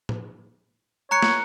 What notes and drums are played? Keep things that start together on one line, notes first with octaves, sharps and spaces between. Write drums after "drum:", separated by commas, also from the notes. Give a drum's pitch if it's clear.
drum: tom A2
C#5 A#5 F#6 C#7
drum: snare